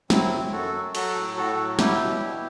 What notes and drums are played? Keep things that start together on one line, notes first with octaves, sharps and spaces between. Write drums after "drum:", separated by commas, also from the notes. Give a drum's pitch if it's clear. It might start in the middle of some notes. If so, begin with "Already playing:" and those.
F#3 C4 E4, drum: snare
F#2
F#2 F#4 A4
F#3
F#3 F#4 A4, drum: cymbal
A2
A2 F#4 A4
F#3
G3 E4 G4, drum: snare
B2
B2